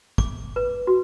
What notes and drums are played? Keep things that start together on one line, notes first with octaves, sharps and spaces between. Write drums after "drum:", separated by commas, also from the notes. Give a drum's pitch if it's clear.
D6, drum: kick
B4
F#4